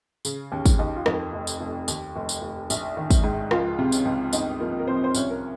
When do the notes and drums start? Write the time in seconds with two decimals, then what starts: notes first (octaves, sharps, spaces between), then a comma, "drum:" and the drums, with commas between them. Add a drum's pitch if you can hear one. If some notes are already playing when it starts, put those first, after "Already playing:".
0.25 C#3, drum: tambourine
0.52 D#2 C#4
0.66 drum: kick, tambourine
0.79 D#2 D#4
0.96 F4
1.06 F2 D#4, drum: rim click
1.33 F1
1.47 drum: tambourine
1.61 F1
1.88 D#2, drum: tambourine
2.16 F1
2.29 drum: tambourine
2.42 F1
2.70 A#1, drum: tambourine
2.97 D#3
3.10 drum: kick, tambourine
3.24 G#2
3.51 C#2 F3 F4, drum: rim click
3.79 C3
3.92 C#4, drum: tambourine
4.05 C#2
4.33 G1 D#4, drum: tambourine
4.60 F3 A#3 A#4
4.79 A#4
4.87 F3 C4 C5
5.04 C5
5.14 C2 C#4 C#5, drum: tambourine
5.30 A#4